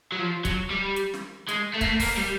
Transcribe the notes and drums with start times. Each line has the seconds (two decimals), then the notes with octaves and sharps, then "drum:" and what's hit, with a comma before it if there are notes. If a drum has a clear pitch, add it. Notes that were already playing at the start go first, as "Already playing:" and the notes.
0.12 F#3
0.19 F3
0.45 F#3, drum: kick, hi-hat
0.71 G3
0.96 drum: hi-hat
1.14 drum: snare
1.48 G#3, drum: hi-hat
1.74 A3
1.81 A#3, drum: kick, hi-hat
1.88 A3
2.00 A#3, drum: kick, open hi-hat
2.17 G3